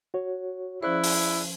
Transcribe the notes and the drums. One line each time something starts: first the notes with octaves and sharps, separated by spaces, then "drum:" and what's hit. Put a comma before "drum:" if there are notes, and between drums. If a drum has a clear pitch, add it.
F#4 C#5
F3 C#4 E4 G#4 C5 D5 F#6
drum: open hi-hat